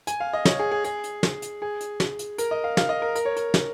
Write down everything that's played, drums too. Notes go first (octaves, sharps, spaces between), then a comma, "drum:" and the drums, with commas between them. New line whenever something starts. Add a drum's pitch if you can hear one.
G#5, drum: hi-hat
F5
D#5
C#5, drum: snare
G#4
G#4
G#4, drum: hi-hat
drum: hi-hat
drum: snare
drum: hi-hat
G#4
drum: hi-hat
drum: snare
drum: hi-hat
A#4, drum: hi-hat
D#5
F5
F5, drum: snare
D#5
A#4
A#4, drum: hi-hat
C#5
A#4, drum: hi-hat
drum: snare